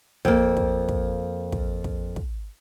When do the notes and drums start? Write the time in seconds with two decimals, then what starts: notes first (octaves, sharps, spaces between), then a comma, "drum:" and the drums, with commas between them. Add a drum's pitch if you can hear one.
0.25 F2 A#3, drum: kick
0.57 drum: kick
0.89 drum: kick
1.52 drum: kick
1.84 drum: kick
2.16 drum: kick